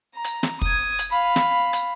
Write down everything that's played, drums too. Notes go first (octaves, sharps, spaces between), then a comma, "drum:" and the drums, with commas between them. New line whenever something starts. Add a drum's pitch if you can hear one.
A#5
drum: hi-hat
drum: snare
D#6 G#6, drum: kick
drum: hi-hat
F5 B5
drum: snare
drum: hi-hat